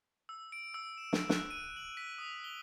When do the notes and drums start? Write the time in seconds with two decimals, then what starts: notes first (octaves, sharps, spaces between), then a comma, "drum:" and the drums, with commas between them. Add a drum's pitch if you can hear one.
0.29 E6
0.52 D7
0.74 E6
0.97 E7
1.13 drum: snare
1.29 F#6, drum: snare
1.50 D#7
1.76 F#7
1.97 B6
2.18 D#6
2.44 G7